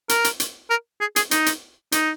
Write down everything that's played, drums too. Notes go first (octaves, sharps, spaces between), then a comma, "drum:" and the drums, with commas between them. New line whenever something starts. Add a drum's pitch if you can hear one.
A#4, drum: hi-hat
drum: hi-hat
drum: hi-hat
A#4
G#4
G#4, drum: hi-hat
D#4, drum: hi-hat
drum: hi-hat
D#4, drum: hi-hat